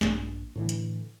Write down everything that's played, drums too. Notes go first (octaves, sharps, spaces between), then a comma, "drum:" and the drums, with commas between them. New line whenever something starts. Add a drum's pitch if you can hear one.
A#1 G2, drum: snare
A2 D3 E3
drum: hi-hat